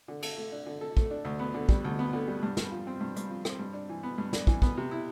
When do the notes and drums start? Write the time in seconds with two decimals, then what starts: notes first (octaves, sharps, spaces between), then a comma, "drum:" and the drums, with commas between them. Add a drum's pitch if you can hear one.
0.08 D3
0.22 A4, drum: cymbal
0.37 A3
0.52 D4
0.66 D3
0.81 A4
0.97 A3, drum: kick
1.11 D4
1.25 D2
1.39 B3
1.54 D3
1.69 G3, drum: kick
1.85 D2
1.99 B3
2.13 D3
2.28 G3
2.43 G2
2.57 G2, drum: snare
2.71 F3
2.87 C4
3.01 G2
3.16 G2, drum: hi-hat
3.30 F3
3.45 C4, drum: rim click
3.59 G2
3.74 D4
3.89 E3
4.03 B3
4.18 G2
4.33 D4, drum: snare
4.47 E3, drum: kick
4.62 B3, drum: kick
4.77 C3
4.91 E4